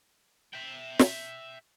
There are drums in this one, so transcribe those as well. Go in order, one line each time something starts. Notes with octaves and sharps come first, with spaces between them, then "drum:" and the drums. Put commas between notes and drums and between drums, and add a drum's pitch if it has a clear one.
E5 G5
drum: snare